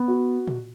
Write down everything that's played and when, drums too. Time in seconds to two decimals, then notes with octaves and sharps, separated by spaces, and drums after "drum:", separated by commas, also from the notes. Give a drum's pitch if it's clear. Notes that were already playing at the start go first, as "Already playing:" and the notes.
Already playing: B3
0.08 F#4
0.48 drum: tom A#2